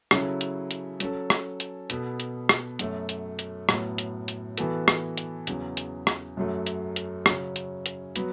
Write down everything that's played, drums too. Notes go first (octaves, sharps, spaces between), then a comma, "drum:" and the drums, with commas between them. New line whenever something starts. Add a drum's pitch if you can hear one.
C#3 F#3 C#4 E4 A4, drum: rim click
drum: hi-hat
drum: hi-hat
F#3 C#4 A4, drum: hi-hat
drum: rim click
drum: hi-hat
B2 B3 A4, drum: hi-hat
drum: hi-hat
drum: rim click
F#2 F#3 A3, drum: hi-hat
drum: hi-hat
drum: hi-hat
A2 F#3 B3, drum: rim click
drum: hi-hat
drum: hi-hat
E3 B3 F#4 A4, drum: hi-hat
drum: rim click
drum: hi-hat
E2 C#3 F#3, drum: hi-hat
drum: hi-hat
drum: rim click
F#2 F#3 A3
drum: hi-hat
drum: hi-hat
C#3 F#3 C#4, drum: rim click
drum: hi-hat
drum: hi-hat
F#3 B3 F#4 B4, drum: hi-hat